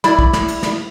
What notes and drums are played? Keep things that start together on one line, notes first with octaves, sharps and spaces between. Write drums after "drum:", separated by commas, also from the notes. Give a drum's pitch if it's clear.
E4 D5 B5, drum: snare
drum: kick
drum: snare
drum: cymbal
drum: snare